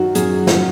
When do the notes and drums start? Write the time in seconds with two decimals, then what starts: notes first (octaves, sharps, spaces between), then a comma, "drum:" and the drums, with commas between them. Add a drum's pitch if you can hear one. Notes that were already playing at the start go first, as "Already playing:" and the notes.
Already playing: F#2 D#3 F#3 F#4
0.15 F#2 G#4, drum: hi-hat
0.47 drum: snare